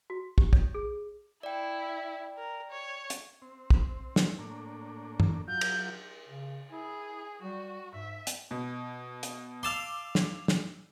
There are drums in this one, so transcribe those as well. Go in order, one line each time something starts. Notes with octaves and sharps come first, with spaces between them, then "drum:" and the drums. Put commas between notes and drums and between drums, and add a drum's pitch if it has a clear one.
F#4
G4, drum: kick
C#5, drum: kick
G#4
E4 D5 G5
A#4
C#5
drum: hi-hat
C4
drum: kick
drum: snare
A2 A#3 D4
drum: tom
F#3 F4 G6
drum: cymbal
C#3
E4 G#4
G3 F#4
G#2 E5
drum: hi-hat
B2
drum: hi-hat
F5 A5 C6 D6 E6
drum: snare
drum: snare